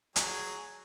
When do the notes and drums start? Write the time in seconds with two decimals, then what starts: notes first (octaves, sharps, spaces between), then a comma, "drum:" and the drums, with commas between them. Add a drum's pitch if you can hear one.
0.16 F#3 G#4, drum: hi-hat